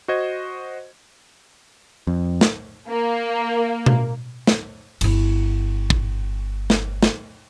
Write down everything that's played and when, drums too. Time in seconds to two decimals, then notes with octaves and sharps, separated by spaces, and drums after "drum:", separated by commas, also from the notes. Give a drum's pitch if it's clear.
0.08 F#4 C5 D#5 G#6
2.07 F2
2.41 drum: snare
2.88 A#3
3.86 drum: tom B2
4.47 drum: snare
5.01 G1 E4, drum: cymbal
5.90 drum: kick
6.70 drum: snare
7.03 drum: snare